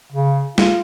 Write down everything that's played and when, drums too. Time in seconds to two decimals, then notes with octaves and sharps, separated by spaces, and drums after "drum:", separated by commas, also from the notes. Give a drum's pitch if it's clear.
0.12 C#3
0.58 F4, drum: snare